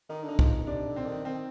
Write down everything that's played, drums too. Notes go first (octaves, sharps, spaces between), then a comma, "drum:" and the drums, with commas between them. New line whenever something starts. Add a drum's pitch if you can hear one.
D#3 D#4
D3
D#4
F3, drum: kick
C3 D4
D3
C4
D#3
D#3 C4